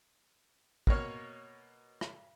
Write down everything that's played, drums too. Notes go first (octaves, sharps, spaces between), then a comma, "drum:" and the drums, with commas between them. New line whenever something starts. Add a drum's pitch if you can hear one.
B2 A#3 C#5 F6, drum: kick
drum: rim click